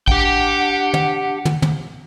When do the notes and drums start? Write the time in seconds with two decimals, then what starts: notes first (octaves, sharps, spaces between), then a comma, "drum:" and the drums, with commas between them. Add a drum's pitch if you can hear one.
0.08 D4 G4 F#5 G5, drum: kick A1
0.94 drum: tom
1.45 drum: tom
1.62 drum: tom